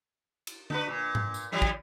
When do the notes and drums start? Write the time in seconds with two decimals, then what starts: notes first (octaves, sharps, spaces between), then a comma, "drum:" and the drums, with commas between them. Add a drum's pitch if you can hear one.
0.47 drum: cymbal
0.70 D4 F#4 B4, drum: tom D3
0.88 A#2
1.15 drum: tom G#2
1.34 drum: tambourine
1.52 D#3 F3 G3
1.62 drum: kick